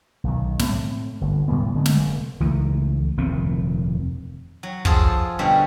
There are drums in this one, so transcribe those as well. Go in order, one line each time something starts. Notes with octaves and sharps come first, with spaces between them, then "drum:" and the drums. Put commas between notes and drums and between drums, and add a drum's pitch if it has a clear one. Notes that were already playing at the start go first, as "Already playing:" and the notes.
B1 D#3
A2 C4, drum: snare
G1
A2 G3 G#3 B3
D3 G#3 A3 C4
drum: snare
F1
C#2 E3 A3
F1 D#2 A#2 C4
F#3
F3 F4 G#4 A4, drum: kick
B2 D3 G3 C#4